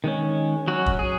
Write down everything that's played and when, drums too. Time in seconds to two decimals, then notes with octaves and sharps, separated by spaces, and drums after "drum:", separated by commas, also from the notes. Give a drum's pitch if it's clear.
0.04 D#3 G#3 C#4
0.68 F#3 C#4 F#4
0.86 drum: kick
0.99 G#4